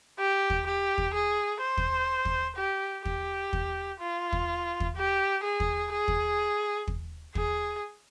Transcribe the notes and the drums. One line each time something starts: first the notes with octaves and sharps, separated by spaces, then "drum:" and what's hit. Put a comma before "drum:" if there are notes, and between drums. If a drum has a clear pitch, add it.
G4
drum: kick
G4
drum: kick
G#4
C5
drum: kick
drum: kick
G4
G4, drum: kick
drum: kick
F4
drum: kick
drum: kick
G4
G#4
drum: kick
G#4
drum: kick
drum: kick
G#4, drum: kick